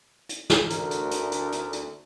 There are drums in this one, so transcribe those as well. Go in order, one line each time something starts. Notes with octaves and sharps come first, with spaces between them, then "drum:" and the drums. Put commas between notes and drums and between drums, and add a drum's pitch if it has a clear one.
drum: hi-hat
drum: snare
D2 A#4, drum: hi-hat
drum: hi-hat
drum: hi-hat
drum: hi-hat
drum: hi-hat
drum: hi-hat